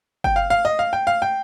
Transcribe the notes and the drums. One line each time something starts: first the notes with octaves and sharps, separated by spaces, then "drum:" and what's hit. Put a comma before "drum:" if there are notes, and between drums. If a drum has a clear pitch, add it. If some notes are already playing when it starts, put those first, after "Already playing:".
G5, drum: kick G1
F5
F5
D#5
F5
G5
F5
G5